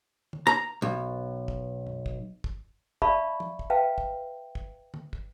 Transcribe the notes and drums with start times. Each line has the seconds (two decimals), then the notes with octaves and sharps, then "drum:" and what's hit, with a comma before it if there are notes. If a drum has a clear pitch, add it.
0.33 drum: tom D3
0.47 A#5
0.82 B1
1.48 drum: kick
1.87 drum: tom F#2
2.06 drum: kick
2.44 drum: kick
3.02 D5 E5 F5 A5 B5 C#6, drum: kick
3.40 drum: tom
3.59 drum: kick
3.70 B4 E5 F5 G5 A5
3.98 drum: kick
4.55 drum: kick
4.94 drum: tom D3
5.13 drum: kick